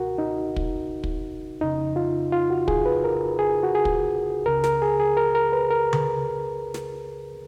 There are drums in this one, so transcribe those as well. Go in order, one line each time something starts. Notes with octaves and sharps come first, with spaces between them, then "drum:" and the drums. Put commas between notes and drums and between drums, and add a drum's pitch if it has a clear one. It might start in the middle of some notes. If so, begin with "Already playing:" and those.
Already playing: C#2 B2 F#4 A#4
D#4
drum: kick
drum: kick
F2 C#3 D#4
F4
F4
F#4
G#4, drum: kick
B4
A#4
G#4
F#4
G#4
drum: kick
C#2 C#3 A#4
A#4, drum: snare
G#4
G#4
A#4
A#4
B4
A#4
drum: tom C#3
drum: snare